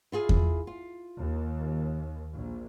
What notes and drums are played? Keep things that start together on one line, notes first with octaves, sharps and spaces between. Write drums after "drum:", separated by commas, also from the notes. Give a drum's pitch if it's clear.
E4 F4 G#4
drum: kick E2
F4
D#2
A#1